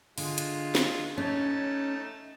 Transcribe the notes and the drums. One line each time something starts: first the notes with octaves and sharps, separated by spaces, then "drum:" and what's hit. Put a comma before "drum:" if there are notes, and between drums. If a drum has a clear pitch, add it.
D3 G#3 F4, drum: open hi-hat
drum: hi-hat
drum: snare
A3 C#4 D#4 A5